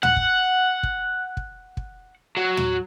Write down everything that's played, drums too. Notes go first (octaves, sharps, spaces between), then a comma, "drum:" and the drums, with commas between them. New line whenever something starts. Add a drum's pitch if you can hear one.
F#5, drum: tom
drum: kick
drum: kick
drum: kick
drum: kick
F#3
drum: tom